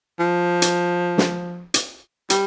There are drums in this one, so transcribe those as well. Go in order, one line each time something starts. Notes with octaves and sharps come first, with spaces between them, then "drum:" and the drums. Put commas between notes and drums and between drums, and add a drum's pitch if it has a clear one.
F3
drum: hi-hat
drum: snare
drum: hi-hat
G3, drum: hi-hat